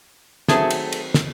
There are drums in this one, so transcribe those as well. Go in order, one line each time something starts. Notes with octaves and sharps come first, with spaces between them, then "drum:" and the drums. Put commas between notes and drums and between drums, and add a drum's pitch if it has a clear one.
D#3 F#3 A3 C4 G#4 A5, drum: snare
drum: cymbal
drum: cymbal
drum: snare